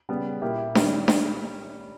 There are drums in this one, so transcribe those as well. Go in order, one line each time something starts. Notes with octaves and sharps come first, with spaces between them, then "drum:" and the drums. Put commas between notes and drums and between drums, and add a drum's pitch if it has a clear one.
C#3 G3 B3
A#2 A#3 E4 G4
D#3 G3 C#4, drum: snare D4
drum: snare D4